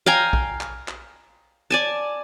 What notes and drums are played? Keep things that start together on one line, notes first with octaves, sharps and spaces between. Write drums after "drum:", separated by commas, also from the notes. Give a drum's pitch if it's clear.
F5 G5 G#5 A#5
drum: kick A#1
drum: clap
drum: clap
D5 G#5 A5